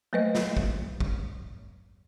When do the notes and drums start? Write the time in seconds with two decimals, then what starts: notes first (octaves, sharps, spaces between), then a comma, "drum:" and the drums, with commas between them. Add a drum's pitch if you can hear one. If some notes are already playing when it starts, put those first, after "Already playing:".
0.13 F#3 A3 A#3 B4 C5 D#5
0.35 drum: snare
0.57 drum: kick
1.00 drum: kick